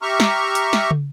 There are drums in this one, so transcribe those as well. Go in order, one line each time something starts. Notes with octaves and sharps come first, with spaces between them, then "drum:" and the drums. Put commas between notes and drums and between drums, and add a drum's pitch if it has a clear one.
G4 E5 A#5 C#6 F6
drum: snare
drum: hi-hat
drum: snare
drum: tom